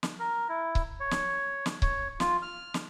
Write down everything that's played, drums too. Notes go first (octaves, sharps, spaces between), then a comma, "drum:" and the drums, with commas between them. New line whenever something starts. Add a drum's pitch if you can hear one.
drum: snare
A#4
E4
drum: kick C#1
C#5
drum: snare
drum: snare
C#5, drum: kick C#1
F4, drum: snare
F6
drum: snare